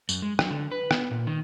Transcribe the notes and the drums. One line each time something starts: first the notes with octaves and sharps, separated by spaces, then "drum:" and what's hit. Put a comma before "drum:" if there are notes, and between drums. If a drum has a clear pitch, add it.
F#2, drum: tambourine
G#3
F#3, drum: rim click
D3
B4
B3, drum: rim click
A#2
D#3